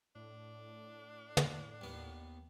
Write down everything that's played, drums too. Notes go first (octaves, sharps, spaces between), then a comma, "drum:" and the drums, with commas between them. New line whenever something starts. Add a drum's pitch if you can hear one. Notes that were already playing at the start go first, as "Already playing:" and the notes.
A2 D4
drum: tom
D#2 B3